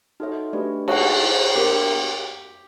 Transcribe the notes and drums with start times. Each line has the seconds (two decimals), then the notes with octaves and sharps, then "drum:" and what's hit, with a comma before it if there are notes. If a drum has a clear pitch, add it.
0.20 D#4 F#4 A4 C#5 E5
0.53 A3 D4 G4 B4 D5
0.88 D#4 F#4 G#4 C#5 F#5 A5, drum: cymbal
1.22 E4 G#4 C5
1.56 B3 D4 F#4 G4 A#4